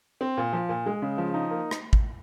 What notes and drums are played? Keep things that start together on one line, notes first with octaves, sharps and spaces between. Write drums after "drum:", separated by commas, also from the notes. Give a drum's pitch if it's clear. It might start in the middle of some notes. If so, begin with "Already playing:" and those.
C4
A#2
F3
A#2
G#3
C#3
F3
D#4
A#3
drum: rim click
drum: kick